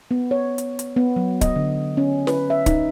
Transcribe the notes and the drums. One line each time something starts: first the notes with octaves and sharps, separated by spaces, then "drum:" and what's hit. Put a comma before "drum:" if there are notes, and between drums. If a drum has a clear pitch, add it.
B3
C#5
drum: hi-hat
drum: hi-hat
B3
F#3
D#5, drum: kick, hi-hat
D3
C#4
B4, drum: snare
E5
D#4, drum: kick, hi-hat